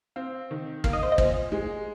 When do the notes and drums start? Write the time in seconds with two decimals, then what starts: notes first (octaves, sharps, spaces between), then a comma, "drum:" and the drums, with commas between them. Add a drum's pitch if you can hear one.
0.16 C4 F5
0.51 D#3
0.84 A#3 F5, drum: kick
0.93 D#5
1.03 C5
1.12 D#5
1.18 A#2, drum: kick
1.52 G#3